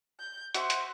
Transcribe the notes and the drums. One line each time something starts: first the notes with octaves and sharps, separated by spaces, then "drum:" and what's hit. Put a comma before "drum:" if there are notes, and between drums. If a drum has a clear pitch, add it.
G6
F#4 C5 E5 F#5, drum: hi-hat
drum: hi-hat